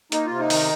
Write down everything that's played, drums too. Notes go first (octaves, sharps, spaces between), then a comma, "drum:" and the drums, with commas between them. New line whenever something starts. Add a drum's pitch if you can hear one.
A#3 D#4, drum: hi-hat
C3 F4
D#4
D#3, drum: open hi-hat